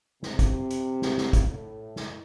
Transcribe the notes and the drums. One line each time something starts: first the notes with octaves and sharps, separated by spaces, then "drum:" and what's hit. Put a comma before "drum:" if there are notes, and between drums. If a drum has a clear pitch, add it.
C3, drum: snare
drum: kick, hi-hat
drum: hi-hat
drum: snare
drum: snare
drum: kick, hi-hat
A2
drum: snare